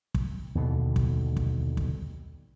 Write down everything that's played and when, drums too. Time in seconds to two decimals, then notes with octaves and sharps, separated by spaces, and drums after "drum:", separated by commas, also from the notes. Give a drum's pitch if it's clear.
0.14 drum: kick
0.55 D#2 B2 D3
0.96 drum: kick
1.36 drum: kick
1.77 drum: kick